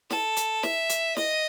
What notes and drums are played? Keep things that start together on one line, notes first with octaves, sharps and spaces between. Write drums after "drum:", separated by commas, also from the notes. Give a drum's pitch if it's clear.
A4, drum: snare
drum: hi-hat
E5, drum: snare
drum: hi-hat
D#5, drum: snare